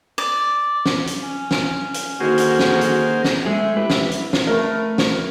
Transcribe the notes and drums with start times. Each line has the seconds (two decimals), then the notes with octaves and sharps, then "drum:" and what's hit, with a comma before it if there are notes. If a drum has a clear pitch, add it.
0.18 D5
0.86 drum: snare
1.07 drum: hi-hat
1.23 C#4
1.51 drum: snare
1.94 drum: hi-hat
2.20 D3 D#3 A#3 F#4 G#4 C5
2.38 drum: hi-hat
2.59 drum: snare
2.81 drum: hi-hat
3.24 drum: snare
3.46 G#3 A3 G#4 E5
3.77 E4 G4 B4
3.90 drum: snare
4.11 drum: hi-hat
4.33 drum: snare
4.47 A3 A#4 B4
4.98 drum: snare